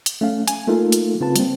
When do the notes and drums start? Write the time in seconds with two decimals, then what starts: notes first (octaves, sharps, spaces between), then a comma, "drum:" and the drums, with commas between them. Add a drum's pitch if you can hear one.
0.06 drum: hi-hat
0.21 A3 C#4 F5
0.48 G#5, drum: hi-hat
0.68 A3 A#3 D#4 F4 A4 A#4
0.92 drum: hi-hat
1.20 C#3 C4 F4 B4 A5
1.36 G3 A#3 C4, drum: hi-hat